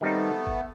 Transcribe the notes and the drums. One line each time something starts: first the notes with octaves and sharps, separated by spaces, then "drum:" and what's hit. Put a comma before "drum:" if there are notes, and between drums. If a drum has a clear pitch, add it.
D#3 G3 A3 B3 C4 D#4
drum: kick